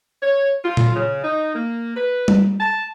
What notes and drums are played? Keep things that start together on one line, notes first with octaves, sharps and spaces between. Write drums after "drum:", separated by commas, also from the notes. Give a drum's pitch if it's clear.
C#5
F4
drum: tom A#2
C#3
D#4
A#3
B4
drum: tom G3
A5